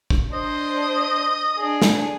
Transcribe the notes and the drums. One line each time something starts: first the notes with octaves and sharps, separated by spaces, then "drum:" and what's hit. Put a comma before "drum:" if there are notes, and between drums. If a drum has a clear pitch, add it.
drum: kick
D4 C5 D#5
D4 G#4
drum: snare